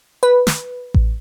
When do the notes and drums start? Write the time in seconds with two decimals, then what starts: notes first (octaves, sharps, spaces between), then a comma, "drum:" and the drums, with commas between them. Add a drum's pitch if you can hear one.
0.23 B4
0.47 drum: snare
0.94 drum: kick A1